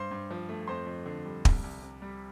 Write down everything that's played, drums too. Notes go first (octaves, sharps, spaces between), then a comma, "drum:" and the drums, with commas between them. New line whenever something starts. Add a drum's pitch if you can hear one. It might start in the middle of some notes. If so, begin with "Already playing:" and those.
Already playing: G2 C5 C6
G2
F3
A3
F2 C5 C6
F2
D3
G3
C2, drum: kick
C2
C3
G3